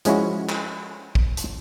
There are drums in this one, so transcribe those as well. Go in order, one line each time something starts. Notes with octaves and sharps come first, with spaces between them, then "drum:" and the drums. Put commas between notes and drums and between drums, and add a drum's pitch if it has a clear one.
F3 G#3 C#4 E4 F#4, drum: hi-hat
drum: clap
drum: kick A#1
drum: hi-hat